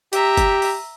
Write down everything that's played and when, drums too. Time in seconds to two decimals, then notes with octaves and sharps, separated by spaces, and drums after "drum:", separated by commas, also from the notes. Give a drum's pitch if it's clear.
0.13 G4 E5 A#5, drum: hi-hat
0.37 drum: kick, hi-hat
0.62 drum: open hi-hat